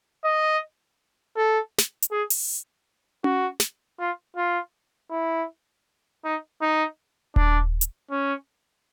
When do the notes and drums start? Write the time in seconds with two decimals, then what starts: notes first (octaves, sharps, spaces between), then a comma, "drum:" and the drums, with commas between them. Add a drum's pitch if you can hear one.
0.24 D#5
1.37 A4
1.78 drum: snare
2.02 drum: hi-hat
2.11 G#4
2.30 drum: open hi-hat
3.24 F#4, drum: tom C#4
3.60 drum: snare
3.99 F4
4.36 F4
5.11 E4
6.25 D#4
6.62 D#4
7.36 D4, drum: kick D#1
7.81 drum: hi-hat
8.11 C#4